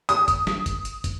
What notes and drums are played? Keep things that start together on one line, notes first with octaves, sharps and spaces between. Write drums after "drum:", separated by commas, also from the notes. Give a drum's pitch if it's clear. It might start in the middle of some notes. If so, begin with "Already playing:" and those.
D#6, drum: hi-hat
drum: kick, hi-hat
drum: snare
drum: kick, hi-hat
drum: hi-hat
drum: kick, hi-hat